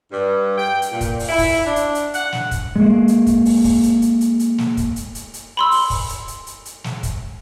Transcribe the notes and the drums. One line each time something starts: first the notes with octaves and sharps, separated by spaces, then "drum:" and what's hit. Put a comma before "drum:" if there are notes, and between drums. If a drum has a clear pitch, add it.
G2
G5
drum: hi-hat
A#2
drum: kick, hi-hat
drum: open hi-hat
E4
drum: kick, open hi-hat
D4
drum: hi-hat
drum: hi-hat
F#5, drum: hi-hat
drum: snare
drum: kick, hi-hat
G#3 A#3
drum: hi-hat
drum: kick, hi-hat
drum: open hi-hat
drum: kick, open hi-hat
drum: hi-hat
drum: hi-hat
drum: hi-hat
drum: hi-hat
drum: snare
drum: kick, hi-hat
drum: hi-hat
drum: hi-hat
drum: hi-hat
B5 C6 E6
drum: open hi-hat
drum: kick, open hi-hat
drum: hi-hat
drum: hi-hat
drum: hi-hat
drum: hi-hat
drum: snare
drum: kick, hi-hat